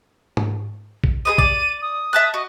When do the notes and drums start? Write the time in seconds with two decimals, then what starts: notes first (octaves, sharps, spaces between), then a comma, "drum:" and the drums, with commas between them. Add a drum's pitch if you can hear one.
0.37 drum: tom G#2
1.04 drum: kick B1
1.25 G#4 B4 D#5 D#7
1.38 D5, drum: kick B1
1.82 D#6
2.13 E5 A5 F#6
2.34 F#4 D#5